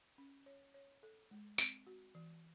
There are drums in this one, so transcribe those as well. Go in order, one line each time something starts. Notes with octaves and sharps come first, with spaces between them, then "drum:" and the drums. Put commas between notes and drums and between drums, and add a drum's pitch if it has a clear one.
C#4
C#5
C#5
A4
G#3
C4, drum: tambourine
F#4
E3